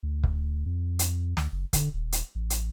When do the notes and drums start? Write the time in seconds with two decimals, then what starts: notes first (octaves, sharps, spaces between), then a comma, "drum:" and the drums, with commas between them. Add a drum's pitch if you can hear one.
0.03 D2
0.24 drum: kick
0.66 F2
0.99 drum: hi-hat
1.37 D2, drum: snare
1.52 F#1
1.73 D3, drum: kick, hi-hat
1.93 D#1
2.12 drum: hi-hat
2.35 A1
2.50 drum: hi-hat